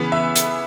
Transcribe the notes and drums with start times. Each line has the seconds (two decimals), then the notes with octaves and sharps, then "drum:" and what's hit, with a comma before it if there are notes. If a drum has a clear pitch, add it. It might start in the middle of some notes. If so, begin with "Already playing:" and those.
Already playing: C#3 E3 B3 B4
0.12 E5
0.36 drum: hi-hat